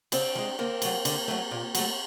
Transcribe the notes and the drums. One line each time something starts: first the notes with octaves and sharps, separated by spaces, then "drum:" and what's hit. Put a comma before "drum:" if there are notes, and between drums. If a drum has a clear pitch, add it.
C#3 C4 D4, drum: cymbal
F3
G#3
D3 A#3 C4
F#3 A3, drum: cymbal
D3, drum: cymbal
F#3 A3
A#2
F#3 A3, drum: cymbal